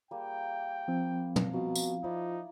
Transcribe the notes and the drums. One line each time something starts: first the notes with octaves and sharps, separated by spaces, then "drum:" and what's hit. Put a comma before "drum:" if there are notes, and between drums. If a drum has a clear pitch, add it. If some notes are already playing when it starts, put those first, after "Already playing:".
G3 A#3 G#4 G5
F3 C4
drum: tom
B2 F4 F5 A#5
drum: tambourine
F3 D#4 E4 D5 D#5